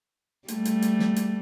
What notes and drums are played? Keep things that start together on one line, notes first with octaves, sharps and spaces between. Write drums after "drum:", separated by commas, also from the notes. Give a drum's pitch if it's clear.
G3 A3, drum: hi-hat
drum: hi-hat
drum: hi-hat
drum: snare
drum: hi-hat